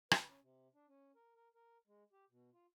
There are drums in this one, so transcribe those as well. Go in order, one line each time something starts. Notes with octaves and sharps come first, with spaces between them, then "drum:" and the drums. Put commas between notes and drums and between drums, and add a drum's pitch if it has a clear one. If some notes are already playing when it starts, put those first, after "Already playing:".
B4, drum: rim click
C#4
C3
D4
C#4
A#4
A#4
A#4
G#3
G4
B2
F4